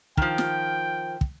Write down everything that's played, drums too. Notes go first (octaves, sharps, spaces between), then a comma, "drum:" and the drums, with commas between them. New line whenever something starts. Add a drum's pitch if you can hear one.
D#3 F3 G5, drum: kick
drum: snare
drum: kick